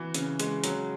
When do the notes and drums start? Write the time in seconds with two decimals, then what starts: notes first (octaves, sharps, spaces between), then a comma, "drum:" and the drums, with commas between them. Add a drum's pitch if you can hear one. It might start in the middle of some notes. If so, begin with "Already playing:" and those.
Already playing: E3 F#4
0.14 C#3, drum: hi-hat
0.40 G#3, drum: hi-hat
0.64 F#3, drum: hi-hat